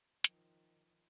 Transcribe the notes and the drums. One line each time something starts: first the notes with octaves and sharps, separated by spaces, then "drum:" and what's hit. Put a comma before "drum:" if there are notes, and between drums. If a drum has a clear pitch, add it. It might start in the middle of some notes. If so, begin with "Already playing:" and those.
D#3 F3, drum: hi-hat